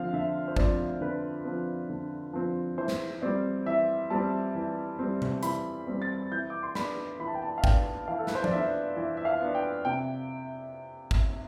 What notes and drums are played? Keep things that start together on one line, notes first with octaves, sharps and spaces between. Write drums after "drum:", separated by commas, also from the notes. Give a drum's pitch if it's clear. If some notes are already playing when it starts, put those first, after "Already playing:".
Already playing: D3 F3 C4 F5
D3 E5
C5
F3 C4 D5, drum: kick
D3 B4
F3 C4
D3
F3 C4
E3 C5
drum: snare
G3 C4 D5
E3 E5
G3 C4 A5
E3
G3 C4
drum: tom C3
E3 B5, drum: hi-hat
G3 C4
A6
E3 G6
D6
C6
B3 D4 B5, drum: snare
E3 B5
A5
G5
A5
F5
B3 D4 G5, drum: kick
E3 F5
A4
B4, drum: snare
C5
D5, drum: tom F3
B3 D4 E5
E3
E5
F5
B3 D4
G5
C3 G5
drum: kick